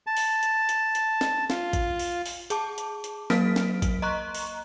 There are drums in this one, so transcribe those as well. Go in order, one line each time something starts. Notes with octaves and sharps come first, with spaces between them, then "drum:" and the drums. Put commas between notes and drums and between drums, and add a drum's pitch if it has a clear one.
A5
drum: open hi-hat
drum: hi-hat
drum: hi-hat
drum: hi-hat
drum: snare
F4, drum: snare
drum: kick G#1, hi-hat
drum: open hi-hat
drum: open hi-hat
G#4 A5 D6, drum: hi-hat
drum: hi-hat
drum: hi-hat
F#3 A#3 A#4 F6 B6 D7, drum: snare
drum: snare
drum: kick G#1, hi-hat
D#5 A#5 C6 C#6 F#6
drum: open hi-hat